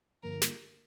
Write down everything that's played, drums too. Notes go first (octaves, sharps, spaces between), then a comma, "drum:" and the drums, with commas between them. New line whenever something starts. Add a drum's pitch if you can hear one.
G2 D3 F3 A#3 A#4
drum: snare